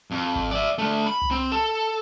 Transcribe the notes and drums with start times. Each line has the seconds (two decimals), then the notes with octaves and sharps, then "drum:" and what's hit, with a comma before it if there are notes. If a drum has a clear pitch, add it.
0.11 F2
0.36 drum: kick G#1
0.51 D5 E5
0.78 A3 D4
1.06 B5
1.22 drum: tom C2
1.31 C4
1.52 A4